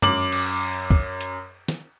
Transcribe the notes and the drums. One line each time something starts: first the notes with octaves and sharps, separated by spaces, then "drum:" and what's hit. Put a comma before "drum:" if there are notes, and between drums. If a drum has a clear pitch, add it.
F#2 D6 F#7, drum: tom
drum: cymbal
drum: kick
drum: hi-hat
drum: snare